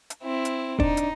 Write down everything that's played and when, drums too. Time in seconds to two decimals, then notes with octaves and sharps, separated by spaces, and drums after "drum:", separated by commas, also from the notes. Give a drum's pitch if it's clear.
0.10 drum: hi-hat
0.23 C4 E4
0.45 drum: hi-hat
0.80 D4 D#4, drum: kick
0.97 drum: hi-hat